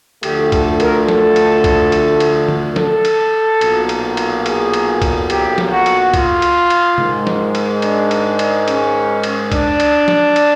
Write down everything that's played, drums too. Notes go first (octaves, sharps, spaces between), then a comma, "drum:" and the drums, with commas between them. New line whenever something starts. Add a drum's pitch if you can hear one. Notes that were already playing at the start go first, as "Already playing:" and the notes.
D2 D3 F3 A3 G4, drum: cymbal
A4, drum: kick C2, cymbal
A#4, drum: cymbal
A4, drum: snare
drum: cymbal
drum: kick C2, cymbal
drum: cymbal
drum: cymbal
drum: tom
A4, drum: snare
drum: cymbal
B1 A#2 F#3 A#3, drum: cymbal
drum: cymbal
drum: cymbal
G#4, drum: cymbal
drum: cymbal
drum: kick C2, cymbal
G4, drum: cymbal
drum: snare
F#4
drum: cymbal
F4, drum: kick C2, cymbal
drum: cymbal
drum: cymbal
G#2 D#3 G#3, drum: tom
drum: snare
drum: cymbal
D4, drum: cymbal
drum: cymbal
drum: cymbal
C#4, drum: cymbal
drum: cymbal
D4, drum: kick C2, cymbal
drum: cymbal
drum: snare
drum: cymbal